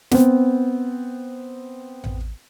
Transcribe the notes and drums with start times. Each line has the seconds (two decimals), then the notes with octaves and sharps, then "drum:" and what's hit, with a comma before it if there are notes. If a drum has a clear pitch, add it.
0.11 B3 C4, drum: snare
2.04 drum: tom A1